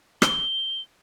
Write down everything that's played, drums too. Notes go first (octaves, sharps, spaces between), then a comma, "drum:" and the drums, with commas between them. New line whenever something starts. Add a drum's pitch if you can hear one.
G7, drum: rim click